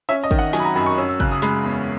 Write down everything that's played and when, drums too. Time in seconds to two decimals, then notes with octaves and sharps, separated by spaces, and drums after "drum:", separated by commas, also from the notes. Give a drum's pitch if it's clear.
0.09 C#4 E5
0.24 D#5
0.31 D#3, drum: kick
0.39 F#5
0.53 F#3 G#5, drum: snare
0.60 B5
0.65 A#5
0.76 F#2 B5
0.86 C#6
0.98 C#4 E6
1.09 E6
1.20 C#3 F#6, drum: kick
1.31 D#6
1.42 G#3 B5, drum: snare
1.65 E2